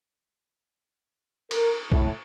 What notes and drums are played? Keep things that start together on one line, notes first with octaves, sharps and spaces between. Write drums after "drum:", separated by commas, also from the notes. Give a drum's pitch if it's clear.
A#4, drum: cymbal
A2, drum: kick